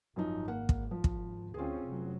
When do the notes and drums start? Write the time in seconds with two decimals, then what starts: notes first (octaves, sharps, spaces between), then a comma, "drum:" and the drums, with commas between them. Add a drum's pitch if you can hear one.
0.16 G#1 F#2 F3 D#4
0.48 A#3 F#5
0.69 drum: kick
0.91 F3
1.04 drum: kick
1.54 D2 C4 C#4 F4 G#4
1.85 F1 F#3